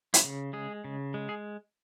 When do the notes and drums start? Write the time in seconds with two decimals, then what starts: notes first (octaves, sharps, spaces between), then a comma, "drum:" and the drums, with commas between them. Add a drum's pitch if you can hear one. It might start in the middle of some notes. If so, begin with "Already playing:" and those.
0.14 E4, drum: hi-hat
0.24 C#3
0.53 G#3 G#4
0.84 C#3
1.14 G#3
1.29 G#4